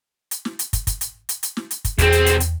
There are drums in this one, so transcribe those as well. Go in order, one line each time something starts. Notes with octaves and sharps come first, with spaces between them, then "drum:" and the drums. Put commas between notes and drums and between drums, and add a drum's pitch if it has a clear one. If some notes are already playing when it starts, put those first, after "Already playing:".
drum: hi-hat
drum: snare
drum: hi-hat
drum: kick, hi-hat
drum: kick, hi-hat
drum: hi-hat
drum: hi-hat
drum: hi-hat
drum: snare
drum: hi-hat
drum: kick, hi-hat
B1 E2 C4 G#4, drum: kick, hi-hat
drum: hi-hat
drum: hi-hat
drum: hi-hat